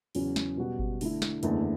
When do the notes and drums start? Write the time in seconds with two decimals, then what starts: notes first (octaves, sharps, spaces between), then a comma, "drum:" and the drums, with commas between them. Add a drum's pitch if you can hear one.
0.15 E2 C#3 F#3 C#4, drum: open hi-hat
0.36 drum: snare
0.57 B2 G3 B3 F#4
0.79 drum: kick G1
1.01 D3 A3 E4, drum: open hi-hat
1.22 drum: snare
1.43 F#1 E2 D3 A3 E4, drum: hi-hat